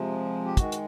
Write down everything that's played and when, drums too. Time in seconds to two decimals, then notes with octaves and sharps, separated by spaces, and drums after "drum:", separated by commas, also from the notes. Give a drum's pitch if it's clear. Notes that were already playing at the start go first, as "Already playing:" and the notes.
Already playing: C3 F3 G#3
0.45 G4
0.57 D#3 G#3 F#4, drum: kick, hi-hat
0.72 drum: hi-hat